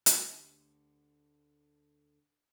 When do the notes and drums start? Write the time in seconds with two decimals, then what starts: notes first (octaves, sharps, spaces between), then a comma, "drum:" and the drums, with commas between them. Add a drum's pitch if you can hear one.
0.06 D2 D3 G4, drum: hi-hat